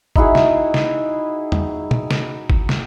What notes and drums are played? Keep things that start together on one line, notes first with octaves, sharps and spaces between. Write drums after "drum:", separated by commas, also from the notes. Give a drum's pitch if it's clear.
D#4 E4 F#4 G#4, drum: kick
drum: snare
drum: snare
drum: tom E2
drum: tom
drum: snare
drum: kick
drum: snare